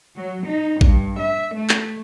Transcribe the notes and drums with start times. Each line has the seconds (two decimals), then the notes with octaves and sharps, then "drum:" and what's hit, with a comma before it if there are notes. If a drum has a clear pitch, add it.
0.15 F#3
0.45 D#4
0.81 G2, drum: kick A1
1.20 E5
1.54 A3
1.69 drum: clap